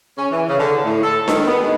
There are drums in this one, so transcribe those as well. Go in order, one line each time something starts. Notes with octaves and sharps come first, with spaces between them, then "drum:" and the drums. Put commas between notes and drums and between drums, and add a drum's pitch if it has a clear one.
C#4
E3
C#3
D3
A2
A4
D#3, drum: snare D4
B3
G#3